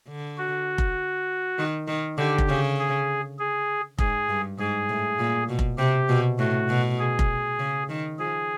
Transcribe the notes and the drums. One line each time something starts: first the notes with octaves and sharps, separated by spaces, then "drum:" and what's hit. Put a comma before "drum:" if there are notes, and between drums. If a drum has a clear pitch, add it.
D3
F#4
drum: kick F1
D#3
D#3
D3 G4
drum: kick F1
C#3
G#4
G#4
G#2 G#4, drum: kick F1
G2
G#2 G#4
A2
A#2
B2
drum: kick F1
C3 G4
B2
A2 F#4
B2
G#4
drum: kick F1
C#3
D#3
F3 G#4